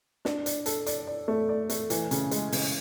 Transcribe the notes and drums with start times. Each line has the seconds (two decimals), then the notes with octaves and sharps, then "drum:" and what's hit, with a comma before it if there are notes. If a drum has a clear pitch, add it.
0.25 D4, drum: snare
0.46 D5, drum: hi-hat
0.66 A4, drum: hi-hat
0.86 D5, drum: hi-hat
1.07 D5
1.28 A3
1.49 D5
1.70 A3, drum: hi-hat
1.90 E3, drum: hi-hat
2.11 C#3, drum: hi-hat
2.31 G#3, drum: hi-hat
2.52 C#3, drum: open hi-hat